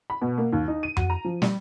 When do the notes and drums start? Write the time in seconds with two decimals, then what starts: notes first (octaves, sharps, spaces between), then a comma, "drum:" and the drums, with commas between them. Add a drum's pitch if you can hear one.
0.10 B5
0.22 B2
0.38 A#3
0.53 D#2
0.68 D#4
0.83 D#7
0.97 F#4, drum: tom F2
1.10 A#5
1.25 F3
1.42 G3, drum: snare